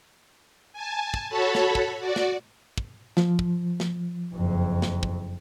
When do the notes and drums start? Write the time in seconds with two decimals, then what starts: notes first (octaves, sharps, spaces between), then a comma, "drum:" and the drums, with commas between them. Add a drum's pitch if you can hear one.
0.73 G#5 A5
1.14 drum: kick
1.29 F#4 A4 C#5 A5 B5
1.55 drum: snare
1.75 drum: kick
1.99 F#4 D5
2.16 drum: snare
2.78 drum: kick
3.17 F3, drum: snare
3.39 drum: kick
3.80 drum: snare
4.34 F#1 F2
4.82 drum: snare
5.03 drum: kick